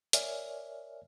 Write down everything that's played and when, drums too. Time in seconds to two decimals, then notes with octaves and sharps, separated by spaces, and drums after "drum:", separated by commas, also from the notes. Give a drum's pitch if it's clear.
0.13 A#4 C#5 D5 E5 G#5 F6, drum: hi-hat